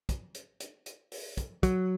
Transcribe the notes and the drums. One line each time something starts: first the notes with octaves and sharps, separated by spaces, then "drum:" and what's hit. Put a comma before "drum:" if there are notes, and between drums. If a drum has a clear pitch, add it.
drum: kick, hi-hat
drum: hi-hat
drum: hi-hat
drum: hi-hat
drum: open hi-hat
drum: kick, hi-hat
F#3, drum: kick, hi-hat